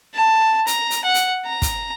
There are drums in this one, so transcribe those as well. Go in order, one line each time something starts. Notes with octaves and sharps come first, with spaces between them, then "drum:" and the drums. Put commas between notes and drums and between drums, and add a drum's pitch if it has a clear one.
A5
A#5, drum: hi-hat
drum: hi-hat
F#5
drum: hi-hat
A#5
drum: kick, hi-hat